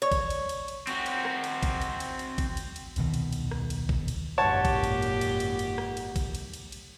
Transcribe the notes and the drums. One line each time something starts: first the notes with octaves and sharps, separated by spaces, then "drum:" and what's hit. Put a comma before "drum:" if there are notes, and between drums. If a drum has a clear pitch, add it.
C#5
drum: kick A1, cymbal
drum: cymbal
drum: cymbal
drum: cymbal
C4 F#4, drum: cymbal
drum: cymbal
drum: rim click
drum: cymbal
drum: kick A1, cymbal
drum: cymbal
drum: cymbal
drum: cymbal
drum: kick A1, cymbal
drum: cymbal
drum: cymbal
D#1 C2 B2 D#3, drum: cymbal
drum: cymbal
drum: cymbal
drum: rim click
drum: cymbal
drum: kick A1
drum: cymbal
G#1 F#2 A#2 G4 C#5 F#5 A5
drum: kick A1, cymbal
drum: cymbal
drum: cymbal
drum: cymbal
drum: cymbal
drum: cymbal
drum: rim click
drum: cymbal
drum: kick A1, cymbal
drum: cymbal
drum: cymbal
drum: cymbal